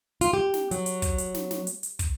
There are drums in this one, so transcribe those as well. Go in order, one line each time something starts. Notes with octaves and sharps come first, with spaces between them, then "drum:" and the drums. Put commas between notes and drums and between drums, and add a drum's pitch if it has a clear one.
F4, drum: hi-hat
G4
drum: snare
F#3, drum: hi-hat
drum: hi-hat
drum: kick, hi-hat
drum: hi-hat
drum: snare
drum: snare
drum: hi-hat
drum: hi-hat
drum: kick, hi-hat